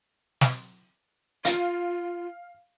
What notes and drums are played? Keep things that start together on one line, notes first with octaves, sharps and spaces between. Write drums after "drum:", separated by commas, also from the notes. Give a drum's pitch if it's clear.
drum: snare
F4 F5, drum: hi-hat